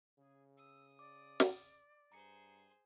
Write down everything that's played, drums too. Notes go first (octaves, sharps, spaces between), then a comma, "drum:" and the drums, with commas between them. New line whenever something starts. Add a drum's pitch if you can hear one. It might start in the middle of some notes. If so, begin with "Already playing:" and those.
C#3 G#4
D#6 E6
D5 D6
drum: snare
G2 G#4 C5 A#5 C#7